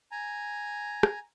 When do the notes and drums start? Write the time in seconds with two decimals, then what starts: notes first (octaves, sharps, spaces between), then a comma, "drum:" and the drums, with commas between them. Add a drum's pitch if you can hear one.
0.12 G#5 A#5
1.03 drum: rim click